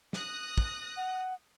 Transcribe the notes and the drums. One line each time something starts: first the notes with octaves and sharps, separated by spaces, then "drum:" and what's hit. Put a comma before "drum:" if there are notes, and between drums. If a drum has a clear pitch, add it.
D#6 F#6 A#6, drum: snare
drum: kick
F#5